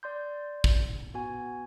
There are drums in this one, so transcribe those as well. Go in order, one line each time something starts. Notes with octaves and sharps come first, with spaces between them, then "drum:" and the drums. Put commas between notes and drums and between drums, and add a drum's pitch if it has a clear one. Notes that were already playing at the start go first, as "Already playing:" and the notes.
D5 C6 G6
drum: kick
B3 F#4 G#5